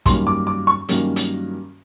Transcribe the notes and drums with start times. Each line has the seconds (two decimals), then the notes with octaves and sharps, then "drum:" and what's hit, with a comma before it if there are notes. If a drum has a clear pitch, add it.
0.06 G2 D#3 F#3 A#3 C#4 C6, drum: kick, hi-hat
0.27 D6
0.47 D6
0.67 C#6
0.89 G2 D#3 F#3 A#3 C#4, drum: hi-hat
1.16 drum: hi-hat